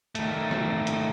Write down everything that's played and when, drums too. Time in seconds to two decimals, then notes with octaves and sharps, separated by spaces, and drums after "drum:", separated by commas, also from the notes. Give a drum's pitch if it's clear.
0.15 D#3 A3, drum: hi-hat
0.51 drum: snare
0.87 drum: hi-hat